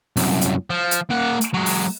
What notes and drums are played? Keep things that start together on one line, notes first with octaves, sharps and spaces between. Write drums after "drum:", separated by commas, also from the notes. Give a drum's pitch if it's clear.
C2 F#2, drum: open hi-hat
drum: hi-hat
F3
drum: hi-hat
A#3 F#5
drum: hi-hat
F#3 G#3
drum: open hi-hat